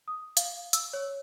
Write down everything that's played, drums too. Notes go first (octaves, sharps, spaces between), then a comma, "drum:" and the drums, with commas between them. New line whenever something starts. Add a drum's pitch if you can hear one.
D#6
F5, drum: hi-hat
E6, drum: hi-hat
C#5